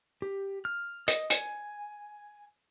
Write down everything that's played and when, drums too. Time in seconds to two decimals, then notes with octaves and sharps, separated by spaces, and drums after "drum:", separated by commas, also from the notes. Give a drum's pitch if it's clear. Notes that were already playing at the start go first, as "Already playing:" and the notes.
0.22 G4
0.65 F6
1.08 D#5, drum: hi-hat
1.30 G#5, drum: hi-hat